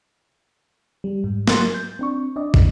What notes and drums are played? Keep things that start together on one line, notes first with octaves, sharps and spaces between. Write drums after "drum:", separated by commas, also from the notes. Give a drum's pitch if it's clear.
G3
G#2
F#3 A#4 C6 F#6 A6, drum: snare
G6
C4 D4 C#6
D4 D5 D#5
drum: kick